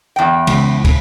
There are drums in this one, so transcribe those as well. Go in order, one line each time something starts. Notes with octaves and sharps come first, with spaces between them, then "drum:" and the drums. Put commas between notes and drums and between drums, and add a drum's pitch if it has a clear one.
E2 G5
C#2, drum: cymbal
drum: kick, cymbal